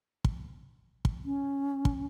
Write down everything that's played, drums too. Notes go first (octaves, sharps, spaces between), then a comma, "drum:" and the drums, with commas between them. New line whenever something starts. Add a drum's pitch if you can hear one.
drum: kick
drum: kick
C#4
drum: kick